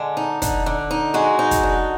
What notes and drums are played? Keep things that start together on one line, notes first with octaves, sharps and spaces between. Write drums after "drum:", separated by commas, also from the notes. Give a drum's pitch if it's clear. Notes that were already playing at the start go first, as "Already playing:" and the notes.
Already playing: D3 G#3
D#4
D3, drum: kick, hi-hat
D3
D#4
G#3 F#4
D#4
drum: kick, hi-hat
D3